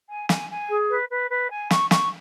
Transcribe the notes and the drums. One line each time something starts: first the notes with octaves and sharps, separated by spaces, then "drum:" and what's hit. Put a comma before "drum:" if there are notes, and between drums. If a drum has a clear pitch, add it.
G#5
G#5, drum: snare
G#5
G#4
B4
B4
B4
G#5
C#6, drum: snare
C#6, drum: snare